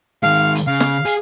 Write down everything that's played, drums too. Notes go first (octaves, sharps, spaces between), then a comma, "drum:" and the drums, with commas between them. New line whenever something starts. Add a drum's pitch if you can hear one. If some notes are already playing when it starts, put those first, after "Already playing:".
D#3 G#3 F5
drum: hi-hat
C#3 F5
drum: snare
G#4, drum: hi-hat